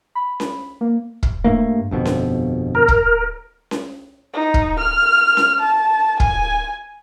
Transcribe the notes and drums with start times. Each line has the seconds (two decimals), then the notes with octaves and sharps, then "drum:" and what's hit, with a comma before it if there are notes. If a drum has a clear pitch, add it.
0.15 B5
0.40 drum: snare C#4
0.81 A#3
1.23 drum: kick
1.44 G2 A3 A#3
1.91 G1 F2 B2
2.05 drum: snare C#4
2.75 A#4
2.88 drum: kick
3.71 drum: snare C#4
4.33 D#4
4.54 drum: kick
4.79 F6
5.37 drum: snare C#4
5.60 A5
6.20 G#5, drum: kick